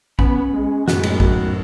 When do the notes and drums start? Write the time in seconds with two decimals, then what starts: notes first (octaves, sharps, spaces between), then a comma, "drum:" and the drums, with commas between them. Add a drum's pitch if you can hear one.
0.19 B3 C#4 B5, drum: kick A#1
0.53 G#3
0.88 F#2 A2 D#3 B3 F#4, drum: snare
1.03 drum: cymbal
1.20 drum: kick A#1